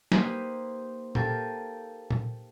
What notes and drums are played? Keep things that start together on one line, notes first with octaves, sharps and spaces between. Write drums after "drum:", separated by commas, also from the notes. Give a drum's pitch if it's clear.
A#3 D#4 G4 B4 C5 D#5, drum: snare
G4 A4 A#4 F5 G5 G#5, drum: tom A#2
drum: tom A#2